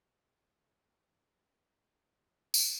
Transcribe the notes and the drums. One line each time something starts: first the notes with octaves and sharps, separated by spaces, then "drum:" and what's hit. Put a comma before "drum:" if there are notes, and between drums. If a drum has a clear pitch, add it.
E5
A#5
F5
drum: tambourine